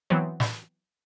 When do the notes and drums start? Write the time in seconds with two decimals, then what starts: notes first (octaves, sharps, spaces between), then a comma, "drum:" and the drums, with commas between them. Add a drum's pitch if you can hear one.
0.10 E3 F#3 B3 C4
0.40 drum: snare